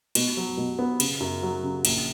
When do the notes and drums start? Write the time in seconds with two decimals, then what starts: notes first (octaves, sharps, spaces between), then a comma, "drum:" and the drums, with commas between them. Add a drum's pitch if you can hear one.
0.15 B2, drum: cymbal
0.37 F#3
0.57 B2
0.79 B3
1.00 C#3, drum: cymbal
1.20 F#2
1.43 F#3
1.64 C#3
1.85 A#1, drum: cymbal